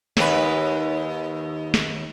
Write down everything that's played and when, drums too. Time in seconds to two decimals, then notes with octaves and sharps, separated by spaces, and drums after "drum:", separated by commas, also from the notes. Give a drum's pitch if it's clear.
0.17 D#2 B4, drum: snare
1.74 drum: snare